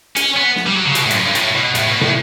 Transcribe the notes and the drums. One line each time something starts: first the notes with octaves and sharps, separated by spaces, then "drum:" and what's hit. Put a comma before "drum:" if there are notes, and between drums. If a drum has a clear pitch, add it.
C#4, drum: hi-hat
B3
drum: snare
G3
F#3
C#3
B2, drum: hi-hat
A2
G2, drum: hi-hat
F#2
G2
A2, drum: hi-hat
B2
A2, drum: hi-hat
B2
A2, drum: tom